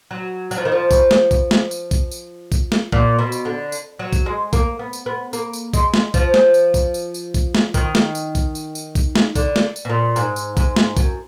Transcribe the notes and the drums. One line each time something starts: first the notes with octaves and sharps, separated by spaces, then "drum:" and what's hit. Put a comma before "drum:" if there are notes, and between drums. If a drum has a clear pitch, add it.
F#3
F#3, drum: tambourine
F3
D#3
F3
drum: kick B1, tambourine
drum: snare
drum: kick B1, tambourine
drum: snare
drum: tambourine
drum: kick B1, tambourine
drum: tambourine
drum: kick B1, tambourine
drum: snare
A#2, drum: kick B1
B2
drum: tambourine
D3
drum: tambourine
F#3
drum: kick B1, tambourine
G#3
A#3, drum: kick B1, tambourine
B3
drum: tambourine
B3
A#3, drum: tambourine
drum: tambourine
G#3, drum: kick B1, tambourine
drum: snare
F3, drum: kick B1, tambourine
drum: snare
drum: tambourine
drum: kick B1, tambourine
drum: tambourine
drum: tambourine
drum: kick B1, tambourine
drum: snare
D#3, drum: kick B1, tambourine
drum: snare
drum: tambourine
drum: kick B1, tambourine
drum: tambourine
drum: tambourine
drum: kick B1, tambourine
drum: snare
D3, drum: kick B1, tambourine
drum: snare
drum: tambourine
B2
A#2
G#2, drum: tambourine
drum: tambourine
G#2, drum: kick B1, tambourine
drum: snare
F#2, drum: kick B1, tambourine